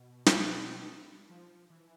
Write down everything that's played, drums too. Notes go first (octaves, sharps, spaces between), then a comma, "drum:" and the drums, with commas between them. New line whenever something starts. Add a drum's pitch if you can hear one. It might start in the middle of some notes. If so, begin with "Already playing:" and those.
Already playing: B2
drum: snare
F3
E3